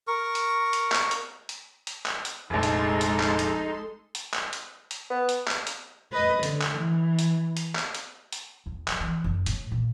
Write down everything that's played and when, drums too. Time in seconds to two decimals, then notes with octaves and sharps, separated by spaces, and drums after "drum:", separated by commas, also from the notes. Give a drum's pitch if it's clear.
0.08 A#4 C#6
0.35 drum: hi-hat
0.73 drum: hi-hat
0.92 drum: clap
1.11 drum: hi-hat
1.49 drum: hi-hat
1.87 drum: hi-hat
2.06 drum: clap
2.25 drum: hi-hat
2.50 F1 A#1 G#3 D#4 A4 C6
2.63 drum: hi-hat
3.01 drum: hi-hat
3.20 drum: clap
3.39 drum: hi-hat
4.15 drum: hi-hat
4.34 drum: clap
4.53 drum: hi-hat
4.91 drum: hi-hat
5.10 B3
5.29 drum: hi-hat
5.48 drum: clap
5.67 drum: hi-hat
6.12 B4 D#5
6.43 D3, drum: hi-hat
6.62 drum: clap
6.77 E3
7.19 drum: hi-hat
7.57 drum: hi-hat
7.76 drum: clap
7.95 drum: hi-hat
8.32 drum: hi-hat
8.66 E2
8.88 F3, drum: clap
9.01 E3
9.24 F#1
9.46 A2, drum: hi-hat
9.71 A#2